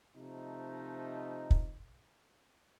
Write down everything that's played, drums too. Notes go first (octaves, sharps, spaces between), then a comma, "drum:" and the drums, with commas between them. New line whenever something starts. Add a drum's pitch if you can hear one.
C3 F3 A3 D#4
drum: kick